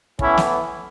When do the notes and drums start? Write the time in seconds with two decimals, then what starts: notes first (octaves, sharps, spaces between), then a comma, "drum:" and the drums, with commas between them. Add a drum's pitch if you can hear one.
0.19 A2 E3 B3 C#4 E4, drum: kick
0.37 drum: snare